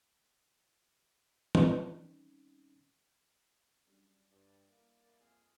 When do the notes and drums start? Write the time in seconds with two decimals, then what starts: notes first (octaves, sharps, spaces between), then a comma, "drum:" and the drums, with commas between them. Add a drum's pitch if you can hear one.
1.55 drum: tom E3
1.76 D#3 G3 C4 C#4 D#4
3.86 F#2 G3 D4 A4
4.31 G2 D5
4.69 A#3 E4 A#4
5.20 F2 G#4 G#5 F6